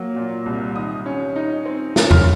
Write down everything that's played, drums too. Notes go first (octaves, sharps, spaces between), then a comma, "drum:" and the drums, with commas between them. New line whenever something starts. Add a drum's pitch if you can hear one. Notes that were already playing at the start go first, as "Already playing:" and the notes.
Already playing: F#3 A#3
A#2
C2
D#3 D#6
C#4
D#4
C4
C#4, drum: snare
F6, drum: tom E2